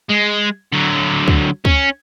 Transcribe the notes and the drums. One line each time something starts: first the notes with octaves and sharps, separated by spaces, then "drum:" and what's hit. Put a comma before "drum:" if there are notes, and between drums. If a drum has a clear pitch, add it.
G#3
D3 F#3
drum: kick C#2
C#4, drum: kick C#2